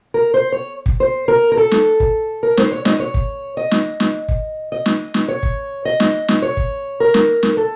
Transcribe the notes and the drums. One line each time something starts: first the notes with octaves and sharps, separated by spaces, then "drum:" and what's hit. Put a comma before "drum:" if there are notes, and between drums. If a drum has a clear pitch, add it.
A#4
C5
C#5
drum: kick
C5
A#4
A#4
A4
drum: snare
drum: kick
A#4
C5, drum: snare
C#5
D#5, drum: snare
C#5
drum: kick
D#5
drum: snare
drum: snare
drum: kick
D#5
drum: snare
drum: snare
C#5
drum: kick
D#5
drum: snare
drum: snare
C#5
drum: kick
A#4
drum: snare
drum: snare
A4